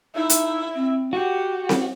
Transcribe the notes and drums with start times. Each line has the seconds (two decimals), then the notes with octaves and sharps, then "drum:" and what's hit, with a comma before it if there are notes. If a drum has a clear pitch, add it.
0.15 D#4 E4 E5
0.29 drum: hi-hat
0.75 C4
1.13 F#4 G4 F#5
1.69 drum: snare C4